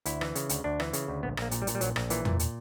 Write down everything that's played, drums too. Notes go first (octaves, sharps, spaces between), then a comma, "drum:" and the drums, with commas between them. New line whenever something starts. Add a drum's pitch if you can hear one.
D2 E4, drum: hi-hat
E3, drum: rim click
C#3, drum: hi-hat
D2, drum: hi-hat
D2 D4
E3, drum: rim click
C#3, drum: hi-hat
D2
A#1 B3
A#1 A#3, drum: rim click
A#2, drum: hi-hat
G3
A#2, drum: hi-hat
G3
A#1 F#3, drum: hi-hat
A#1, drum: rim click
A#2 E3, drum: hi-hat
A#2, drum: tom E2
drum: hi-hat